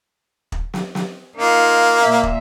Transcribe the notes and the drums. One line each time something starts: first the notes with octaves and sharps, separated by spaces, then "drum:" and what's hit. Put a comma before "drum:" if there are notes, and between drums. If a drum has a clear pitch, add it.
drum: kick
drum: snare
drum: snare
A#3 D#4 F4
A#2 E5
drum: kick